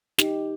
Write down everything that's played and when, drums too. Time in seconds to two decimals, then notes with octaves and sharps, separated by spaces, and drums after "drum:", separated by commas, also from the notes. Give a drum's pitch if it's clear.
0.18 D#4 G4, drum: snare